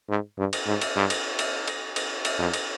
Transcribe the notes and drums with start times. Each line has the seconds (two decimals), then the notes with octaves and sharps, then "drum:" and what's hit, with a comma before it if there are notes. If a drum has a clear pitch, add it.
0.10 G#2
0.38 G2
0.53 drum: cymbal
0.67 G#2
0.82 drum: cymbal
0.96 G2
1.10 drum: cymbal
1.39 drum: cymbal
1.68 drum: cymbal
1.96 drum: cymbal
2.25 drum: cymbal
2.39 F2
2.54 drum: cymbal